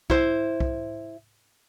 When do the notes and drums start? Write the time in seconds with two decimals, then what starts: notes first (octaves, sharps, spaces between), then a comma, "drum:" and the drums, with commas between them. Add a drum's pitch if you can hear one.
0.10 E4 C5, drum: kick C2
0.60 drum: kick C2